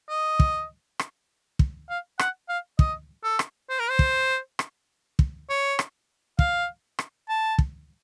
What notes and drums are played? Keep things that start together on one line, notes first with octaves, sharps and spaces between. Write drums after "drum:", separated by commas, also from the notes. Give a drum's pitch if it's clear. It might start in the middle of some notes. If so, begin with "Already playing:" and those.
D#5
drum: kick
drum: rim click
drum: kick
F5
F#5, drum: rim click
F5
D#5, drum: kick
A4
drum: rim click
C5
A#4
C5
drum: kick
drum: rim click
drum: kick
C#5
drum: rim click
F5, drum: kick
drum: rim click
A5
drum: kick